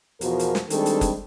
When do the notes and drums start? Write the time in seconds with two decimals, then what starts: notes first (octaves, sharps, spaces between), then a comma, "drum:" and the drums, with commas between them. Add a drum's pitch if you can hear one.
0.21 E2 B2 F3 F#4 A#4, drum: hi-hat
0.39 drum: hi-hat
0.55 drum: snare
0.70 D#3 G3 G#3 C4 D4 A4, drum: hi-hat
0.86 drum: hi-hat
1.01 drum: kick F#1, hi-hat